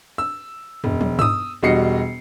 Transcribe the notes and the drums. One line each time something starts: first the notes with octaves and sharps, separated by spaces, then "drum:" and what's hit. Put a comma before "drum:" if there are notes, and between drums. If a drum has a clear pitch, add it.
E6
E1, drum: tom
drum: tom
D#6 E6, drum: tom
E1 G3 F#4 D#5 C7 C#7